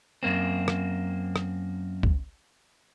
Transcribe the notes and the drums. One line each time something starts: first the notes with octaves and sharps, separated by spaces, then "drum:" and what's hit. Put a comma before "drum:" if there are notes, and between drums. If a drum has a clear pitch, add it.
F#2 A#3 C4
drum: rim click
drum: rim click
drum: kick